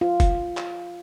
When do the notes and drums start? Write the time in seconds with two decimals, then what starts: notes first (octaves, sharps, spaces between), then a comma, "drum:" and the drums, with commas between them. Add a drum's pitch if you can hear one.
0.01 F4
0.20 drum: kick, hi-hat
0.57 drum: clap